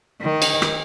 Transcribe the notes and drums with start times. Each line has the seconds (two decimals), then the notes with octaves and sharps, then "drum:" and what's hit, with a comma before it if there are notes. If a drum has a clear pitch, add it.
0.22 D#3
0.42 drum: cymbal
0.62 drum: rim click